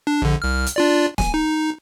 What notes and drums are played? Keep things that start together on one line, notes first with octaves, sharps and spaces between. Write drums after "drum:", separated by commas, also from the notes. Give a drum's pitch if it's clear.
D4
A#1 D3
C2 F6
drum: hi-hat
D4 F4 D5
G#5, drum: snare
D#4